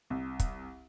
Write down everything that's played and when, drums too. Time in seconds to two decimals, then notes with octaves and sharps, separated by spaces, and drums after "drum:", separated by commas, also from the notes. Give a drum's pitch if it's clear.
0.10 C2
0.40 drum: kick, hi-hat